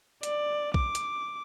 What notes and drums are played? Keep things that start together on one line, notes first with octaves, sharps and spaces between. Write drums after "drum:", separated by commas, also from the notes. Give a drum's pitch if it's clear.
D5, drum: hi-hat
D6, drum: kick B1
drum: hi-hat